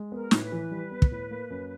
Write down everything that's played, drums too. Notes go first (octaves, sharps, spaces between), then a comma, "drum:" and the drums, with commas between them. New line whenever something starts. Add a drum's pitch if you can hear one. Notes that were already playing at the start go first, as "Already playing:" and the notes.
Already playing: G#3
B3 A#4
A2, drum: snare
B4
E3
G3
B3
drum: kick
A2
A#3
F#2